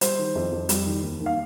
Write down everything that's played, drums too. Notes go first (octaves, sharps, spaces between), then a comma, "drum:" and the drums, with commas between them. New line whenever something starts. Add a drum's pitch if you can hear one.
G3 C5, drum: hi-hat
D#3
F2
F2
G3, drum: hi-hat
D#3
D#2
D#2
F5